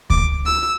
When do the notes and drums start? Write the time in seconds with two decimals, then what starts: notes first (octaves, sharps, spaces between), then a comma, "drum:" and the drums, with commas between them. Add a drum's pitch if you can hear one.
0.10 D6, drum: kick D2
0.46 E6